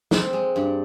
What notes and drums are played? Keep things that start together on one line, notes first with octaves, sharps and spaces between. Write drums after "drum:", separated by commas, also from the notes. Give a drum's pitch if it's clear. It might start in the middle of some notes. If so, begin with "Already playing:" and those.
C4, drum: snare
G#3
G2